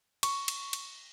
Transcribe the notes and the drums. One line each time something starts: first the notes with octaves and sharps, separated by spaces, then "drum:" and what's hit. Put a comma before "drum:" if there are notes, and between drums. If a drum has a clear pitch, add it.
C#6, drum: cymbal
drum: cymbal
drum: cymbal